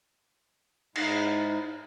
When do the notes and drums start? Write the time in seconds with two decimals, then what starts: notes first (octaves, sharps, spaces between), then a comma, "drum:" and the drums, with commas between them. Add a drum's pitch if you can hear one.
0.96 G#2 G#3 D#4 E4, drum: cymbal